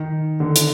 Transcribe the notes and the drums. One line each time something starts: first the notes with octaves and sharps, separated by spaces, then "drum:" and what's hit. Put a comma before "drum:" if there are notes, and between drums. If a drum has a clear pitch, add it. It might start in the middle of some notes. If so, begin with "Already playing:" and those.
Already playing: D#3
D3
drum: hi-hat